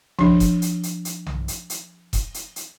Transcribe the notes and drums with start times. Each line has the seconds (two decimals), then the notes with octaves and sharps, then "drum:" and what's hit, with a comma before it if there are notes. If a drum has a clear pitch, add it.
0.19 F3 D4, drum: tom B1
0.40 drum: kick E1, hi-hat
0.62 drum: hi-hat
0.83 drum: hi-hat
1.05 drum: hi-hat
1.26 drum: tom B1
1.48 drum: hi-hat
1.70 drum: hi-hat
2.13 drum: kick E1, hi-hat
2.34 drum: hi-hat
2.56 drum: hi-hat